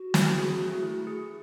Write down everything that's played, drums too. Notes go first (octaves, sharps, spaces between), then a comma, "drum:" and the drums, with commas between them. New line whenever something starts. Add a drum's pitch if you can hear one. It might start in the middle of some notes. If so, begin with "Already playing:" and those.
Already playing: F#4
E4, drum: snare
G#4
A3
E4
G#4